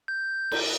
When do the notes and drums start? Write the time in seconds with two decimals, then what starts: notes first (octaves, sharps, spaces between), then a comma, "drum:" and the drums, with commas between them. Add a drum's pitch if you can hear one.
0.08 G6
0.52 drum: cymbal